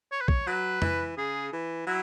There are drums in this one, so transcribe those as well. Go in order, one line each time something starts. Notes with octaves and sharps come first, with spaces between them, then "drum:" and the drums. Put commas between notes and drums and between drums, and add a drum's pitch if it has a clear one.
C#5
B4
C#5, drum: kick
F#3 B4
E3, drum: tom F2
C#3 G#4
E3
F#3 E4